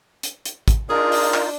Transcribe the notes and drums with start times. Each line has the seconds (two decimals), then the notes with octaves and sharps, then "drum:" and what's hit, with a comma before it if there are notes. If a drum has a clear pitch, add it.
0.23 drum: hi-hat
0.45 drum: hi-hat
0.68 drum: kick, hi-hat
0.90 D4 D#4 F4 G#4 A#4
1.12 drum: open hi-hat
1.34 drum: clap